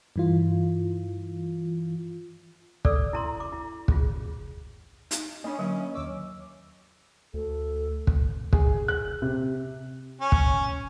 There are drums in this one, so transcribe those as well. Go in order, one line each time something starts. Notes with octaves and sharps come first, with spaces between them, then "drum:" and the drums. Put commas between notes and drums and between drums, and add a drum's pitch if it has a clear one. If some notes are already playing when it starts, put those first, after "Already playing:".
G2 E3 F4
A4 D5 D6 E6, drum: kick
E4 A#5 C6
D6
E4
F4 G#4, drum: kick
D#4, drum: hi-hat
A#3 C#4 D4 D#5
D3 F#3 E5
D#2 C#5 D6 E6
D2 A4
drum: kick
G#4, drum: kick
F#6
C3
C#4
drum: kick